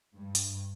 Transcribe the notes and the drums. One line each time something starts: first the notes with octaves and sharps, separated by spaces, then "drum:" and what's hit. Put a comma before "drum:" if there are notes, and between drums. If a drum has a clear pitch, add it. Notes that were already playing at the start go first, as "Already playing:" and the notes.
G2
drum: hi-hat